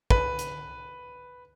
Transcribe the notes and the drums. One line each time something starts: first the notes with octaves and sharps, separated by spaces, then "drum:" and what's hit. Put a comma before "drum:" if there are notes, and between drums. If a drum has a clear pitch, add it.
B4, drum: kick
drum: hi-hat